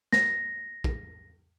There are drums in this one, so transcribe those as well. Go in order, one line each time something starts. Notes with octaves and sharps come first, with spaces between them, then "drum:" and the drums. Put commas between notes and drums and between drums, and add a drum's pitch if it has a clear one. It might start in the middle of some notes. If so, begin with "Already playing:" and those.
A#6, drum: snare
drum: kick